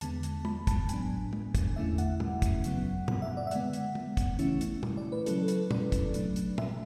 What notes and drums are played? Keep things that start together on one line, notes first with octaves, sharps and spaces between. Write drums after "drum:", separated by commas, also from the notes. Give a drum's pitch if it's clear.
E2 D3 G#3 B3 A5, drum: hi-hat
drum: hi-hat
B5, drum: tom
A5, drum: kick, hi-hat
A2 F#3 B3 D4 G#5, drum: hi-hat
drum: tom
drum: kick, hi-hat
E2 D3 A3 C#4 E4 E5
F#5, drum: hi-hat
drum: tom
drum: kick, hi-hat
F#2 C#3 F#3 B3, drum: hi-hat
F#5, drum: tom
E5
D5
E5
D3 G#3 B3 F#5, drum: hi-hat
drum: hi-hat
drum: tom
drum: kick, hi-hat
C#3 E3 A3 C#4 E4, drum: hi-hat
drum: hi-hat
drum: tom
D5
B4
C#3 F#3 C#4 E4 A4, drum: hi-hat
A4
B4, drum: hi-hat
D5, drum: tom
drum: kick, hi-hat
B2 F#3 A3 D4, drum: hi-hat
drum: hi-hat
E5, drum: tom